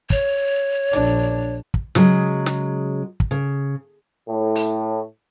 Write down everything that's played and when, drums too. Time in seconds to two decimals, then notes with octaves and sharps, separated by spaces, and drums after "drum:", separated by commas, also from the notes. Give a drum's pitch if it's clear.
0.10 C#5, drum: kick
0.93 A#1 D4, drum: hi-hat
1.74 drum: kick
1.95 C#3 F#3 G#3, drum: snare
2.46 drum: snare
3.20 drum: kick
3.31 C#3
4.28 A2
4.55 drum: open hi-hat